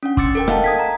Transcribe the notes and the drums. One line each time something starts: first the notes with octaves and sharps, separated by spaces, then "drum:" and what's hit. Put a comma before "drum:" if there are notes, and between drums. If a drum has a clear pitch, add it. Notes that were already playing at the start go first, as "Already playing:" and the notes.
C#4 D4 F#5
C6 D6 E6 A6 C#7, drum: kick
A4 A#4 G5
D#5 F5 F#5 A5, drum: rim click
D#6 G#6 B6
A#5